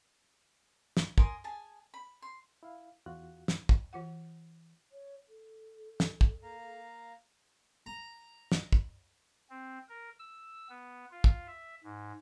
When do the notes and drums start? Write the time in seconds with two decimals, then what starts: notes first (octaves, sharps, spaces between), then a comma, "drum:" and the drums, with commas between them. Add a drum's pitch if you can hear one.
0.97 drum: snare
1.18 A#4 G#5 C6 D#6, drum: kick
1.44 G#4 G#5 A5
1.94 B5
2.22 C6
2.63 E4 F5
3.06 E2 F4 F#4 F#6
3.48 drum: snare
3.69 drum: kick
3.93 E3 F4 F#5
4.92 C#5
5.29 A4
6.00 drum: snare
6.21 drum: kick
6.43 A#3 F5 A#5
7.86 A#5
8.52 drum: snare
8.73 drum: kick
9.50 C4
9.89 A#4
10.19 E6
10.69 B3
11.11 F4
11.24 drum: kick
11.47 E5
11.84 G#2